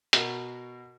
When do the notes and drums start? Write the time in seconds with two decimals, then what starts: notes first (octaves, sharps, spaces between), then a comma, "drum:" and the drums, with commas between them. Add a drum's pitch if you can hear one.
0.13 B2 F#4 A#4, drum: hi-hat